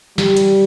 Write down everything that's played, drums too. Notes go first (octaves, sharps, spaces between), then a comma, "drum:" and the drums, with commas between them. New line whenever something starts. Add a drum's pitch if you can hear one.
G3, drum: snare
drum: hi-hat